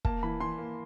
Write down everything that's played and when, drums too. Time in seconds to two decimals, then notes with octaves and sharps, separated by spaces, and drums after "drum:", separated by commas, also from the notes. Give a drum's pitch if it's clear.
0.05 A#3 A5, drum: kick
0.23 E3 B5
0.40 E3 C6
0.58 A#3